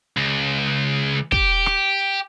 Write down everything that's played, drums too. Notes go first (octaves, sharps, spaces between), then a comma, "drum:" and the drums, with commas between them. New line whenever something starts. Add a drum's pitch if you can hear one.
C#2
G4, drum: kick
drum: rim click